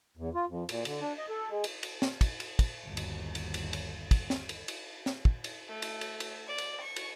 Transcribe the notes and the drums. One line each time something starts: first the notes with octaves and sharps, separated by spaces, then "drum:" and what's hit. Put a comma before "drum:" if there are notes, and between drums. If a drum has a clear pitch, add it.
E2
F4
F2
A#2, drum: cymbal
D3, drum: cymbal
D4
D#5
A4
G#3
drum: cymbal
drum: cymbal
drum: snare
drum: kick, cymbal
drum: cymbal
drum: kick, cymbal
G1 D#2
drum: cymbal
drum: cymbal
drum: cymbal
drum: cymbal
drum: kick, cymbal
drum: snare
drum: cymbal
drum: cymbal
drum: snare
drum: kick
drum: cymbal
A3
drum: cymbal
drum: cymbal
drum: cymbal
D5
drum: cymbal
C#6
drum: cymbal